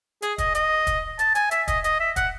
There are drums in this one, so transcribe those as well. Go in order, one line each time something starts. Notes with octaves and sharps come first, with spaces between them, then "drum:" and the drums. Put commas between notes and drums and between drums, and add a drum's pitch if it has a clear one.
G#4, drum: hi-hat
D#5, drum: kick, hi-hat
D#5, drum: hi-hat
drum: kick, hi-hat
A5, drum: hi-hat
G#5, drum: hi-hat
E5, drum: hi-hat
D#5, drum: kick, hi-hat
D#5, drum: hi-hat
E5
F#5, drum: kick, hi-hat